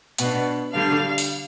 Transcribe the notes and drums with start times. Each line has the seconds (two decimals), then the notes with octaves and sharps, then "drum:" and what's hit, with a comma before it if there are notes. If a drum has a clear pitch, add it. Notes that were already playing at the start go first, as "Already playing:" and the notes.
0.18 B2 B3 D4, drum: hi-hat
0.72 D3 G3 D4 F5
1.18 drum: open hi-hat